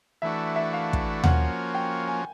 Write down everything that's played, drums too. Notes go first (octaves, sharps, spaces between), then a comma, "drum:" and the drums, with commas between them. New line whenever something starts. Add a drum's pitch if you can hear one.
E3 A3 D4 F#4 E5
E5
F5
drum: kick
F3 A#3 C#4 F#4 F#5, drum: tom D#2
G5
G#5